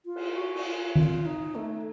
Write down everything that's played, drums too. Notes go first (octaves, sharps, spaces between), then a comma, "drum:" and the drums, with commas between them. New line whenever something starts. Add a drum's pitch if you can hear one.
F4
drum: cymbal
F#4
drum: cymbal
F4
F4, drum: tom D#3
D#4
A3